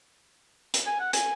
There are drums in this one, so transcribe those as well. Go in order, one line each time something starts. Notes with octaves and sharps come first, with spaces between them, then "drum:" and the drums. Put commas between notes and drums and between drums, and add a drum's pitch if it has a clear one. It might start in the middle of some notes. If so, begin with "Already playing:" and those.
drum: hi-hat
G#5
F#5
G#5, drum: hi-hat